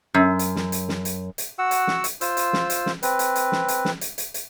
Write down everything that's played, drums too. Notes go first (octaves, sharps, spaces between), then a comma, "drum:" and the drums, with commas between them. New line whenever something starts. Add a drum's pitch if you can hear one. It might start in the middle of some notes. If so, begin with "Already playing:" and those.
F#2
drum: hi-hat
drum: snare
drum: hi-hat
drum: snare
drum: hi-hat
drum: hi-hat
F#4 F#5 E6
drum: hi-hat
drum: snare
drum: hi-hat
F4 C5 E6, drum: hi-hat
drum: hi-hat
drum: snare
drum: hi-hat
drum: snare
C4 B4, drum: hi-hat
drum: hi-hat
drum: hi-hat
drum: snare
drum: hi-hat
drum: snare
drum: hi-hat
drum: hi-hat
drum: hi-hat